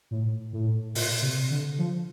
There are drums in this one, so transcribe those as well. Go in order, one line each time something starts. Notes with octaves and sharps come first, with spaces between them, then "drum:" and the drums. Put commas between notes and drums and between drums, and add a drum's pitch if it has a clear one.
A2
A2
A#2, drum: open hi-hat
C3
D3
F3